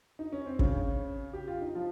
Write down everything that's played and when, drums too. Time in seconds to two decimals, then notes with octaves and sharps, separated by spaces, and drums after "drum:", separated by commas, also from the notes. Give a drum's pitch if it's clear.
0.19 D#4
0.32 C#4
0.46 C4
0.59 C#3 C#4, drum: kick
1.33 G4
1.47 F4
1.62 D#4
1.75 F3 F4